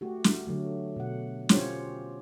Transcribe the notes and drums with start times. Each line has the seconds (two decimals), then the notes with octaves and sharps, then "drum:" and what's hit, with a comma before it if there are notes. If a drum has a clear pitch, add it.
0.01 A3 F#4 G4
0.24 drum: snare
0.47 D3 F#3 A3
0.96 B2 F#5
1.49 C#4 F4 G4 C5 C#5, drum: snare